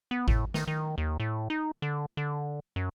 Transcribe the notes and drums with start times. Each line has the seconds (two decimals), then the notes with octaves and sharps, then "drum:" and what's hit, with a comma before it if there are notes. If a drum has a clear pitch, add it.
0.11 B3
0.28 A2, drum: kick G#1
0.54 D#3, drum: snare
0.68 D#3
0.98 D#2
1.20 A2
1.50 D#4
1.82 D3
2.17 D3
2.76 F#2